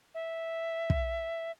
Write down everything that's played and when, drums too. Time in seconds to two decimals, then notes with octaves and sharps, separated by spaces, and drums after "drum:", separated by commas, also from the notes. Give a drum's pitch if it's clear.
0.14 E5
0.90 drum: kick